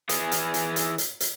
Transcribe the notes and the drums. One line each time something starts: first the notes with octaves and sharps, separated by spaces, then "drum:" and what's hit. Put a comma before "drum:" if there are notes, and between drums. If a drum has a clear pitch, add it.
E3 G#4, drum: hi-hat
drum: hi-hat
drum: hi-hat
drum: hi-hat
drum: hi-hat
drum: hi-hat